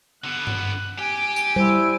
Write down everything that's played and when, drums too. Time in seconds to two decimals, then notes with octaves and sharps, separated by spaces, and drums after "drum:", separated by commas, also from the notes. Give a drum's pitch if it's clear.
0.24 D3 B3 F#6
0.47 drum: tom G2
0.98 G4 G#5 D7
1.36 drum: tambourine
1.56 G3 E4 C5